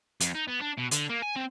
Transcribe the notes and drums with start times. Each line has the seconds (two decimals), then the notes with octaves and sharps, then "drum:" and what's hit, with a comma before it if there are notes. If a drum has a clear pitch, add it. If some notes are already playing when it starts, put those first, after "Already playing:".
0.21 F2, drum: hi-hat
0.34 D#4
0.48 B3
0.61 D4
0.78 B2
0.91 D3, drum: hi-hat
1.09 A#3
1.22 G#5
1.36 C4